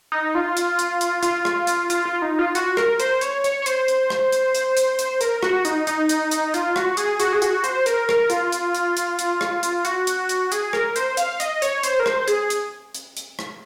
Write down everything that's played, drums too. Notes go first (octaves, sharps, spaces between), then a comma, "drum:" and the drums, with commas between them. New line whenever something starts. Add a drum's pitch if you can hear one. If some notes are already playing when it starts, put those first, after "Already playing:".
D#4
F4
drum: hi-hat
drum: hi-hat
drum: hi-hat
F4, drum: hi-hat
drum: rim click
drum: hi-hat
F4, drum: hi-hat
F4
D#4
F4
F#4, drum: hi-hat
A#4, drum: rim click
C5, drum: hi-hat
C#5, drum: hi-hat
C#5, drum: hi-hat
C#5
C5, drum: hi-hat
drum: hi-hat
drum: rim click
drum: hi-hat
drum: hi-hat
drum: hi-hat
drum: hi-hat
A#4, drum: hi-hat
F#4, drum: rim click
D#4, drum: hi-hat
D#4, drum: hi-hat
drum: hi-hat
drum: hi-hat
F4, drum: hi-hat
F#4, drum: rim click
G#4, drum: hi-hat
F#4, drum: hi-hat
G#4
F#4, drum: hi-hat
C5, drum: hi-hat
A#4, drum: hi-hat
A#4, drum: rim click
F4, drum: hi-hat
drum: hi-hat
drum: hi-hat
drum: hi-hat
drum: hi-hat
drum: rim click
drum: hi-hat
F#4, drum: hi-hat
drum: hi-hat
drum: hi-hat
G#4, drum: hi-hat
A#4, drum: rim click
C5, drum: hi-hat
F5, drum: hi-hat
D#5, drum: hi-hat
C#5, drum: hi-hat
C5, drum: hi-hat
A#4
C5, drum: rim click
G#4, drum: hi-hat
drum: hi-hat
drum: hi-hat
drum: hi-hat
drum: rim click